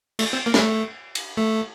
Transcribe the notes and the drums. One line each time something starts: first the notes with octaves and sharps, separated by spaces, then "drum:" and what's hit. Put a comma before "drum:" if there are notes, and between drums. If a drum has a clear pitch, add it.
A3, drum: cymbal
C4
A#3
G3, drum: snare
A3
drum: cymbal
A3